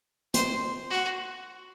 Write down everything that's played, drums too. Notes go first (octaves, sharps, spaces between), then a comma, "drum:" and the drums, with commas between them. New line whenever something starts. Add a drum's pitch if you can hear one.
C5, drum: hi-hat
F#4